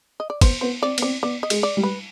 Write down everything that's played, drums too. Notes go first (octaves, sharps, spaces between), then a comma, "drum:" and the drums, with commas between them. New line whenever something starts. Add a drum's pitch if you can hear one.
D#5
D5
B3 C5, drum: kick, cymbal
B3 C5
C4 D5
B3, drum: cymbal
C4 D5
B3 D5
D#5
G#3, drum: cymbal
D5
G3
B4